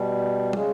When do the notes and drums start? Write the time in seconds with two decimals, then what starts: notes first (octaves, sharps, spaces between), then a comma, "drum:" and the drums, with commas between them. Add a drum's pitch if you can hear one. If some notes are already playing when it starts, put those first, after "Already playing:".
Already playing: B2 G3
0.53 C#3 G#3, drum: tom